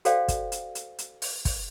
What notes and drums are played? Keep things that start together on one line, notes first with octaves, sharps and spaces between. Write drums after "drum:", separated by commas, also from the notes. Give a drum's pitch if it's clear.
F#4 A4 C5 D5 F5 G5, drum: hi-hat
drum: kick, hi-hat
drum: hi-hat
drum: hi-hat
drum: hi-hat
drum: open hi-hat
drum: kick, open hi-hat